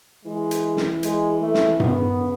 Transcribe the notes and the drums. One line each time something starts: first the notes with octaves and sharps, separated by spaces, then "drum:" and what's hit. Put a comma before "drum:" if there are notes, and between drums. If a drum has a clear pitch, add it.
E3 G#3
drum: hi-hat
drum: snare
G#3, drum: hi-hat
A3
drum: snare
D#3 B3, drum: tom G2
C#3
D#3
C#3